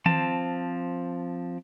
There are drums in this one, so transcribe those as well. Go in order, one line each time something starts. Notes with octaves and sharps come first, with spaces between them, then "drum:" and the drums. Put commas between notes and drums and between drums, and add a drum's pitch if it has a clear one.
F3 C4 A5, drum: tom D#3